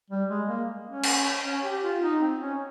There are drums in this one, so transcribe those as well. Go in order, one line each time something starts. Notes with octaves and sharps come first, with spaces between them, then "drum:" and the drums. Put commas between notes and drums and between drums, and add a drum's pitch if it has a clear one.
G3
G#3
A#3
C#4
drum: cymbal
C#4
G4
F4
D#4
C4
C#4